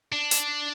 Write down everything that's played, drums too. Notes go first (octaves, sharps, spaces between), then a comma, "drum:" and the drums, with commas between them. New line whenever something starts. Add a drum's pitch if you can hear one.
D4
drum: hi-hat